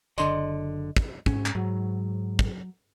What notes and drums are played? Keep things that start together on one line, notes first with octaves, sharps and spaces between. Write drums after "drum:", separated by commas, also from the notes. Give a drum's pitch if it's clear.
F#1 D3 D5 D#5 C6, drum: tambourine
drum: kick
G#2 C#4, drum: kick
drum: clap
G#2 F#3
drum: kick